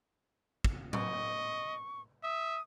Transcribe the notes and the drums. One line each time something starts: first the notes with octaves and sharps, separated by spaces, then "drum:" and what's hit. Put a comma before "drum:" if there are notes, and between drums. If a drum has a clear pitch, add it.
drum: kick
D#5 C#6, drum: tom
E5 D#6